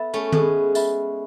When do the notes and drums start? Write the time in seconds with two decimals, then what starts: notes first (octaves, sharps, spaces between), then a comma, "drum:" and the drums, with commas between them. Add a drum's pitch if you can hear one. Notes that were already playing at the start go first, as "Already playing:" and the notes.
Already playing: B3 A4 E5 B5
0.14 A3 C#4
0.32 G#3 B3 A4, drum: tom D#3
0.75 E5 B5, drum: tambourine